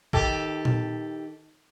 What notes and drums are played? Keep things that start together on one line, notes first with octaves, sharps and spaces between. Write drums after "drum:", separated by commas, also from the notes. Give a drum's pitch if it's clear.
D#3 G4 A4, drum: kick
drum: tom A#2